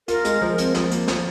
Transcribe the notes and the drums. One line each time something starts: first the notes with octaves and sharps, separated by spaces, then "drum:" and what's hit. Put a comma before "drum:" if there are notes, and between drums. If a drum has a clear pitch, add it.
F4 A#4, drum: hi-hat
G#3, drum: hi-hat
F3
C4, drum: hi-hat
F3, drum: snare
A#3, drum: hi-hat
F3, drum: snare